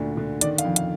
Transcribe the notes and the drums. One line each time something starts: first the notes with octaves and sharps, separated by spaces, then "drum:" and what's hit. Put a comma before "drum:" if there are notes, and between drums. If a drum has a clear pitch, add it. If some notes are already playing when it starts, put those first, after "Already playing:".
Already playing: D2 A#2 D3
D3
D#3 D5, drum: hi-hat
F5, drum: hi-hat
F2
F5, drum: hi-hat